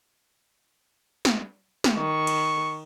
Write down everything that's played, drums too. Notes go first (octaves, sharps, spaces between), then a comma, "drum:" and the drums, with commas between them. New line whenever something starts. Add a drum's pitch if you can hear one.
drum: snare
drum: snare
D#3 C#6
drum: cymbal